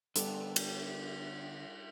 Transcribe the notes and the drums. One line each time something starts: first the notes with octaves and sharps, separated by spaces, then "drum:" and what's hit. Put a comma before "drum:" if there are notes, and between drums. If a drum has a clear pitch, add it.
D3 G3 B3 G4 A4, drum: hi-hat
drum: cymbal